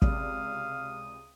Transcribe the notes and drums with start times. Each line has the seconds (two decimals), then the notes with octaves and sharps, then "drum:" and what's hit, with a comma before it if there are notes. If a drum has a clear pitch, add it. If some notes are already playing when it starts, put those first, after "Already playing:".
0.02 C#2 C3 D5 F5 D#6, drum: kick